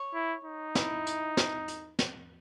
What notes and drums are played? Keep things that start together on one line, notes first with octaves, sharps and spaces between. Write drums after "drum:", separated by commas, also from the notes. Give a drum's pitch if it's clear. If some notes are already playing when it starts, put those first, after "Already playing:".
Already playing: C#5
E4
D#4
E4, drum: snare
drum: hi-hat
drum: snare
drum: hi-hat
drum: snare